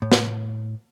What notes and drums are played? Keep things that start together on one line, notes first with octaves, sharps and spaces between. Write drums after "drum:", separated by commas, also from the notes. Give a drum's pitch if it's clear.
A2
drum: snare